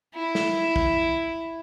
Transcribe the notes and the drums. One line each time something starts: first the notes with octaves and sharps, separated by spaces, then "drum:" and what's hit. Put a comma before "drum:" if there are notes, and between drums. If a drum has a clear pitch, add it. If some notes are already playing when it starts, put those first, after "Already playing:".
E4
drum: snare
drum: kick